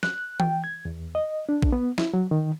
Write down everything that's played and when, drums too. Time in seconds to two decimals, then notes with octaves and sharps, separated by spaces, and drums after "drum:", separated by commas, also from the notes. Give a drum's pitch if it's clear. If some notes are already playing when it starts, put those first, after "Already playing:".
0.03 F#6, drum: snare
0.40 G5, drum: tom E3
0.64 G#6
0.85 E2
1.15 D#5
1.49 D4
1.62 drum: kick A#1
1.72 B3
1.98 E4, drum: snare
2.14 F#3
2.31 D#3